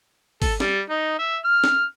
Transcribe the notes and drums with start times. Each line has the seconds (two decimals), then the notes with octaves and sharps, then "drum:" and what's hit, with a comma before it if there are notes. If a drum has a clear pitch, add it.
0.42 A4, drum: kick G#1, open hi-hat
0.60 G3, drum: snare
0.90 D#4
1.19 E5
1.45 F6
1.64 drum: snare